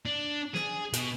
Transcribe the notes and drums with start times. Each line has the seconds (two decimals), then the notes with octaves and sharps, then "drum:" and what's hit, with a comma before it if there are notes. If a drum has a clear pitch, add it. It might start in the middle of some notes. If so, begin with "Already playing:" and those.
0.06 D4
0.55 G#4, drum: snare
0.93 B2, drum: hi-hat